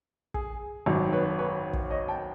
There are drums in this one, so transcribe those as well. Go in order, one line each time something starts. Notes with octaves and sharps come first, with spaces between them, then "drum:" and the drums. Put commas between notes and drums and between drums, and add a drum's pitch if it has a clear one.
G#4, drum: kick
G#1 F#2 D#3
B4 C#5
B4 C#5
drum: kick
C#5 D#5
G5 A5